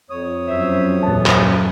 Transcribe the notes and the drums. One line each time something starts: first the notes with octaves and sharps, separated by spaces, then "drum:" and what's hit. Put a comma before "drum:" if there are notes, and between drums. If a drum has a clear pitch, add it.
F2 C#5 D#6
F#2 C5 E5
D#1 E3 F3 B3 A5
drum: clap